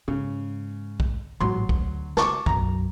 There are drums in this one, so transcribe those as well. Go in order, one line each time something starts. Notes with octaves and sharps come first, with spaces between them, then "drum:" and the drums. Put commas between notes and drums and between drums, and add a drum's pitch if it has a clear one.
G#2 C#3
drum: kick
A1 G#2 F#3 C6
D2, drum: kick
C#3 A5 C#6 D6, drum: snare
B1 F#2 A#5, drum: kick